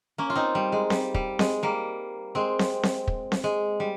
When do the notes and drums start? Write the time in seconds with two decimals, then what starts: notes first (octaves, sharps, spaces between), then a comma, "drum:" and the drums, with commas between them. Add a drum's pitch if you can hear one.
0.18 A#3 C#4
0.30 F4
0.35 C4 D#4
0.55 G3
0.72 G#3
0.90 G3, drum: snare C4
1.14 G3, drum: kick
1.39 G#3, drum: snare C4
1.63 G3 A#3
2.35 G#3 C4
2.59 drum: snare C4
2.83 drum: snare C4
3.08 drum: kick
3.32 drum: snare C4
3.44 G#3
3.80 G3